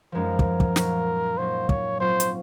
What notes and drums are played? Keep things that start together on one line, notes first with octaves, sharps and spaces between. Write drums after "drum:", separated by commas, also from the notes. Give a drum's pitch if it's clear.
F#2 F3 G#3 D#4 A#4
drum: kick
drum: kick
A#2 F#3 A#3 D#4, drum: snare
A#2 F#3 A#3 D#4 C5
C#5, drum: kick
G#2 F#3 C4 F4 C5
drum: hi-hat